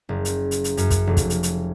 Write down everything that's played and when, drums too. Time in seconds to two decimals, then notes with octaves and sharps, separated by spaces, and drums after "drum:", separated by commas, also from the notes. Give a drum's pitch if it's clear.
0.09 F#1
0.25 drum: hi-hat
0.51 drum: hi-hat
0.64 drum: hi-hat
0.77 F#2, drum: hi-hat
0.90 drum: kick, hi-hat
1.07 F1
1.17 drum: kick, hi-hat
1.30 drum: hi-hat
1.43 drum: hi-hat